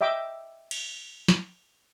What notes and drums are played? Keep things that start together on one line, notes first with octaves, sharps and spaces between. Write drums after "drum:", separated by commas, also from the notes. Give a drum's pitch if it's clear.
D#5 E5 G5 D6 E6
drum: cymbal
drum: snare